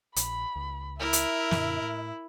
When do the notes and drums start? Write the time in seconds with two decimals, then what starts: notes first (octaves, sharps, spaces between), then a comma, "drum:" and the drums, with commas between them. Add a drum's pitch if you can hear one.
0.16 A#1 B5, drum: hi-hat
0.56 C#2
1.00 E4 A#4 E5
1.13 drum: hi-hat
1.51 F#2 A#2 D3, drum: snare
1.81 A2